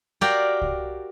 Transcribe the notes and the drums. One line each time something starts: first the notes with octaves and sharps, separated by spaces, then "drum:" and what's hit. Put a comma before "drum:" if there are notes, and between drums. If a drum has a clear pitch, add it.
F#4 G4 A#4 D5 F5 G5, drum: snare
drum: kick C2